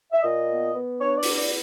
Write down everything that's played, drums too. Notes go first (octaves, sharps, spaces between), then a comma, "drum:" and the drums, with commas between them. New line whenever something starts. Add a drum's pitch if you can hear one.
E5
A#2 D#5
B3
B3
D4 C#5
D5
B3, drum: open hi-hat
D5